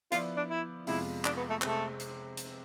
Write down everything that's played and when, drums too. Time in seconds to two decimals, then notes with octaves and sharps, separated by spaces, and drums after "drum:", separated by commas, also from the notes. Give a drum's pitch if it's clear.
0.12 F3 B3 E4 F4 B4 D5, drum: hi-hat
0.37 D4
0.49 E4
0.87 F2 C3 G#3 B3 E4 F4, drum: open hi-hat
1.25 D4, drum: clap
1.37 B3
1.50 A3
1.62 C3 G#3 A3 C4, drum: clap
2.00 drum: hi-hat
2.37 drum: hi-hat